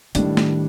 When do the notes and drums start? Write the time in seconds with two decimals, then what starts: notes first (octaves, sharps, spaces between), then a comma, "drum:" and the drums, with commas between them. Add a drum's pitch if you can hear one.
0.15 A2 D#3 G3 D4, drum: hi-hat
0.37 drum: snare A3